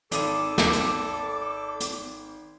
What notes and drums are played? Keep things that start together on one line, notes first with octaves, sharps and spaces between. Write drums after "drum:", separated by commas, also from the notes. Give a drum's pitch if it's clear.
G#1 A4 D6 D#6 D#7, drum: hi-hat
drum: snare
drum: hi-hat
drum: hi-hat